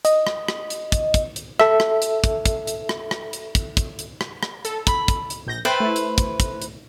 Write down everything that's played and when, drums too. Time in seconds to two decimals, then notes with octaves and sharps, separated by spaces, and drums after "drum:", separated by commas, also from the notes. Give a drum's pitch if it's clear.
0.05 D#5, drum: hi-hat
0.27 drum: rim click
0.48 drum: rim click
0.70 drum: hi-hat
0.92 drum: kick, hi-hat
1.14 drum: kick, hi-hat
1.36 drum: hi-hat
1.60 A4 E5, drum: rim click
1.80 drum: rim click
2.02 drum: hi-hat
2.24 drum: kick, hi-hat
2.46 drum: kick, hi-hat
2.67 drum: hi-hat
2.89 drum: rim click
3.11 drum: rim click
3.33 drum: hi-hat
3.55 drum: kick, hi-hat
3.77 drum: kick, hi-hat
3.99 drum: hi-hat
4.21 drum: rim click
4.43 drum: rim click
4.65 A4, drum: hi-hat
4.87 B5, drum: kick, hi-hat
5.08 drum: kick, hi-hat
5.30 drum: hi-hat
5.47 A#1 G6 A#6
5.65 B4 C5 E5 G5 A6
5.80 A3 E4
5.96 drum: hi-hat
6.18 drum: kick, hi-hat
6.40 drum: kick, hi-hat
6.62 drum: hi-hat